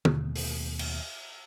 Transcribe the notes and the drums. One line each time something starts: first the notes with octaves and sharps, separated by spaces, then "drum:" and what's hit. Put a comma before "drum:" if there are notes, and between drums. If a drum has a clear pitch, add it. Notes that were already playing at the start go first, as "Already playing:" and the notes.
D#2 B2 A3, drum: tom D3
drum: open hi-hat
drum: cymbal